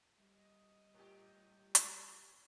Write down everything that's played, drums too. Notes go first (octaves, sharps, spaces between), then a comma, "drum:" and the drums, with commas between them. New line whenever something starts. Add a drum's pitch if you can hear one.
G3 D#5
A2 G4
drum: hi-hat